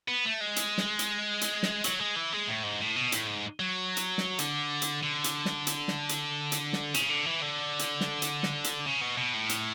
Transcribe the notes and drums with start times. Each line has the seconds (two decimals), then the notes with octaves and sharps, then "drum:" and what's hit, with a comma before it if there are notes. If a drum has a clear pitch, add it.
0.08 B3
0.25 A3
0.41 G#3
0.56 drum: hi-hat
0.78 drum: snare
0.99 drum: hi-hat
1.41 drum: hi-hat
1.63 drum: snare
1.84 F#3, drum: hi-hat
2.00 G#3
2.16 E3
2.32 G#3
2.47 A2
2.63 G#2
2.80 A2
2.96 B2
3.12 A2, drum: hi-hat
3.27 G#2
3.60 F#3
3.97 drum: hi-hat
4.18 drum: snare
4.39 D3, drum: hi-hat
4.82 drum: hi-hat
5.03 D3
5.24 drum: hi-hat
5.45 drum: snare
5.67 drum: hi-hat
5.88 drum: snare
6.09 drum: hi-hat
6.52 drum: hi-hat
6.73 drum: snare
6.94 C#3, drum: hi-hat
7.10 D3
7.26 E3
7.42 D3
7.79 drum: hi-hat
8.01 drum: snare
8.22 drum: hi-hat
8.43 drum: snare
8.64 drum: hi-hat
8.86 C#3
9.01 B2
9.18 B2
9.34 A2
9.49 drum: hi-hat